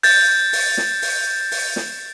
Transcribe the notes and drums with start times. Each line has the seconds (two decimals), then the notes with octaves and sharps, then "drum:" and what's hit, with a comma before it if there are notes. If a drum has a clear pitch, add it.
0.03 G6 A6, drum: open hi-hat
0.53 drum: open hi-hat
0.77 drum: snare
1.02 drum: open hi-hat
1.51 drum: open hi-hat
1.76 drum: snare